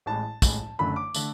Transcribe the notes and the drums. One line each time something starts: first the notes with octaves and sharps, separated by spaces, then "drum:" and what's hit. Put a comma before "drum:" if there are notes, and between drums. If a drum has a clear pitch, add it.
A1 A2 G#3 A5
A1 A2 G#3, drum: kick, tambourine
F#1 F#2 D3 A3 B5
D6
D3 A3, drum: tambourine